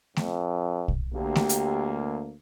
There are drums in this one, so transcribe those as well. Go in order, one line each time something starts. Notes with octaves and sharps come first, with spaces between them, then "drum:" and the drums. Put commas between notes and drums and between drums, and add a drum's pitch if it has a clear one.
F2, drum: snare A3
drum: kick
D2 A#3 G4
drum: snare A3
drum: hi-hat